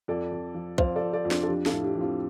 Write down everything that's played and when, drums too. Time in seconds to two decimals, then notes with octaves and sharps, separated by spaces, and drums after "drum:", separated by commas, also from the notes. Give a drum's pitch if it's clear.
0.08 F2 A4 D5
0.32 F2
0.54 F3
0.78 F2 C5 F5, drum: kick
0.96 A4 D5
1.02 F2
1.13 A4 D5
1.25 F2
1.31 D4, drum: snare
1.43 A4
1.48 F3 D4 G4
1.66 F4 A4, drum: snare
1.72 A2
1.83 D4 G4
1.95 F3
2.00 C4 F4